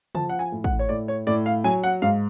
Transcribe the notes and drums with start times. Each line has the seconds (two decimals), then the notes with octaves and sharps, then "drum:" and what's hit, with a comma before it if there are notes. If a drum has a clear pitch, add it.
0.15 F3 A5, drum: tom C#3
0.29 F#5
0.39 G#5
0.52 A2
0.64 F#5, drum: kick
0.79 C#5
0.89 A2 D5
1.08 C#5
1.27 A2 D5
1.46 F5
1.64 F#3 G#5
1.84 F#5
2.02 G#2 F5